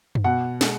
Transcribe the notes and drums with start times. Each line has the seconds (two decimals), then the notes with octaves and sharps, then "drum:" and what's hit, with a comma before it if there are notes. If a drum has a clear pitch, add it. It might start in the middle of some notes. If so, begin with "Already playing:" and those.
0.15 drum: tom F#2
0.24 B2 F#5
0.61 G#3, drum: snare